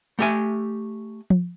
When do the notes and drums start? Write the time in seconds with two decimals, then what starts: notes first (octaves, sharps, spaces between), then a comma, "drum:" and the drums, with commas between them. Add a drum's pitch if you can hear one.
0.19 A3 G4 G#5
1.30 drum: tom F3